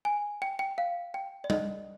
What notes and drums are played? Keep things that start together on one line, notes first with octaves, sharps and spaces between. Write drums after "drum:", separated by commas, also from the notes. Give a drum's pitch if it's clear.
G#5
G5
G5
F5
G5
D5
D#5, drum: tom